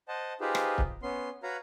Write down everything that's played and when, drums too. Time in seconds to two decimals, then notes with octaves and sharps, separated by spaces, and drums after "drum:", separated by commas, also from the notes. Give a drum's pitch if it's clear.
0.08 C5 D#5 F#5 A5
0.41 D#4 F4 G4 G#4 B4 C5
0.55 drum: rim click
0.78 drum: kick
1.03 B3 C#4 C6
1.43 F#4 B4 C#5 F5 A#5